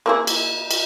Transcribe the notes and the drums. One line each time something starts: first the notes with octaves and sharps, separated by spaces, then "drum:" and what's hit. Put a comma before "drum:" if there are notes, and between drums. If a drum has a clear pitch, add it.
A#3 E4 G#4
drum: cymbal
drum: cymbal